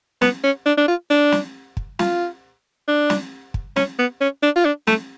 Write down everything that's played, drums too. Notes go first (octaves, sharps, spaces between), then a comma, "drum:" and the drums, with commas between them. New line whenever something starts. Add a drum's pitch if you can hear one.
B3, drum: snare
C#4
D4
D4
F4
D4
drum: snare
drum: kick
F4, drum: snare
D4
drum: snare
drum: kick
C#4, drum: snare
B3
C#4
D4
F4
D4
A3, drum: snare